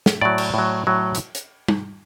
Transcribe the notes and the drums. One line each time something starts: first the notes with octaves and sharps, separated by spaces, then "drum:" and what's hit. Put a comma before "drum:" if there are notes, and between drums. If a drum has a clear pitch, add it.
drum: snare
A2 F#3 D5
drum: cymbal
A2 F#3
A2 F#3
drum: hi-hat
drum: hi-hat
drum: tom